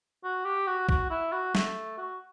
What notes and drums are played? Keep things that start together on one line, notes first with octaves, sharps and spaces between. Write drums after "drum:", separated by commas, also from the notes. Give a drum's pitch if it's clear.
F#4
G4
F#4
F#4, drum: kick
E4
F#4
A3, drum: snare
F#4